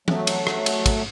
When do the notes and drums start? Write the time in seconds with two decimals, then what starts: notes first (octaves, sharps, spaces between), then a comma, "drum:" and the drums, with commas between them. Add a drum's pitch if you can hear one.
0.08 F#3 A3, drum: tom E3
0.27 drum: cymbal
0.47 drum: rim click
0.66 drum: cymbal
0.86 drum: kick, cymbal